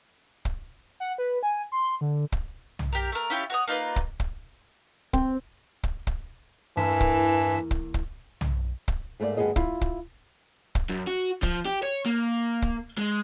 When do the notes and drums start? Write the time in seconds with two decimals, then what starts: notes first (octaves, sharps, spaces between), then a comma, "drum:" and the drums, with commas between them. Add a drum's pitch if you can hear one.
0.45 drum: kick
1.00 F#5
1.18 B4
1.43 G#5
1.72 C6
2.01 D3
2.32 drum: kick
2.79 drum: tom
2.93 G4 A#4
3.12 A3 A#4
3.30 C#4 E4 F4 G4
3.50 F#4 C#5 D#6
3.68 A#3 D#4 F4 B4
3.96 drum: kick
4.20 drum: kick
5.13 C4, drum: kick
5.83 drum: kick
6.07 drum: kick
6.77 E2 G2 E3 A#3 E4 A5 B6
7.01 drum: kick
7.71 drum: kick
7.94 drum: kick
8.41 drum: tom
8.88 drum: kick
9.20 G#2 A3 A#3 C5 D5
9.37 D2 G2 D#3 B3 G#4 D#5
9.56 E4 F4, drum: kick
9.81 drum: kick
10.75 drum: kick
10.89 F#2
11.07 F#4
11.43 F3, drum: kick
11.66 G4
11.83 C#5
12.06 A#3
12.62 drum: kick
12.98 G#3